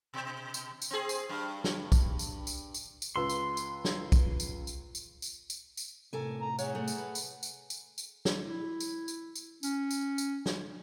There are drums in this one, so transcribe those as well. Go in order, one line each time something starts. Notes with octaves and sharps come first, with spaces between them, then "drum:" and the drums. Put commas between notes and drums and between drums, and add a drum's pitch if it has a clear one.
B2
drum: tambourine
drum: tambourine
C4 G#4
drum: tambourine
G2
drum: snare
drum: kick B1, tambourine
drum: tambourine
drum: tambourine
drum: tambourine
drum: tambourine
C#2 B4 C6 E6
drum: tambourine
drum: tambourine
drum: snare
drum: kick B1, tambourine
drum: tambourine
drum: tambourine
drum: tambourine
drum: tambourine
drum: tambourine
drum: tambourine
A2 C3 A4 A#4 G#5
A#5
G#4 C#5 F#5, drum: tambourine
A3
drum: tambourine
B4
drum: tambourine
drum: tambourine
drum: tambourine
drum: tambourine
drum: snare
E4
drum: tambourine
drum: tambourine
drum: tambourine
C#4, drum: tambourine
drum: tambourine
drum: tambourine
drum: snare